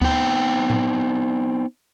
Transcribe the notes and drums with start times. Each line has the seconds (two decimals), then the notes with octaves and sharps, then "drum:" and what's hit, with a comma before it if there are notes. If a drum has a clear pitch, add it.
0.01 B3 C4 D#4 G5, drum: kick D2
0.70 drum: tom A2